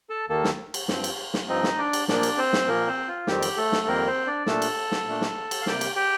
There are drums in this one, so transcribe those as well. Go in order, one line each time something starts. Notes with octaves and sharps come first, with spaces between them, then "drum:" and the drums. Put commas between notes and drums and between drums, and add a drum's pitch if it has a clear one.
A4 A5
D#2 D#3 A#3 A4 A5
drum: snare
drum: cymbal
G2 F3 C4, drum: snare
drum: cymbal
drum: snare
G2 F3 C4 D#4 D#5
drum: snare
D4 D5
drum: cymbal
A#2 F3 A#3 D4 D5, drum: snare
drum: cymbal
C4 C5
drum: snare
A#2 F3 A#3 A#4
C4 C5
F4
F2 D#3 G3 C4 G4, drum: snare
drum: cymbal
A3 A4
drum: snare
F2 D#3 G3 A#3 C4 A#4
C4 C5
D4 D5
A#2 A3 D4 A4 A5, drum: snare
drum: cymbal
drum: snare
A#2 A3 D4
drum: snare
drum: cymbal
F5
C3 G3 A#3 G4 G5, drum: snare
drum: cymbal
G4 G5